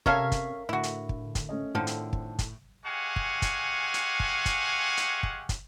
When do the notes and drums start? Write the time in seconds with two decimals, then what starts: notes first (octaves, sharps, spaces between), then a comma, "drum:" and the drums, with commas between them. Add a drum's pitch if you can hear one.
0.06 C3 C#4 A4 A#4 C#5 E5 F5, drum: kick
0.32 drum: kick, hi-hat
0.69 A2 D3 E4 F#4
0.83 drum: hi-hat
1.09 drum: kick
1.35 drum: kick, hi-hat
1.49 A3 C#4 D#5
1.75 A2 D3 D#3 F3 C4 A4
1.87 drum: hi-hat
2.13 drum: kick
2.39 drum: kick, hi-hat
2.85 G#3 G4 F5 F#5 G#5 C#6
3.16 drum: kick
3.42 drum: kick, hi-hat
3.94 drum: hi-hat
4.20 drum: kick
4.46 drum: kick, hi-hat
4.97 drum: hi-hat
5.23 drum: kick
5.49 drum: kick, hi-hat